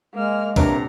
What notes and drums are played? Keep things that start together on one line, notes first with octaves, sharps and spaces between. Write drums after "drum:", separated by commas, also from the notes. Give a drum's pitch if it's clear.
G#3 A#3 F6
D#1 G2 C3 D4 A#4 C#5 A#5, drum: kick B1, open hi-hat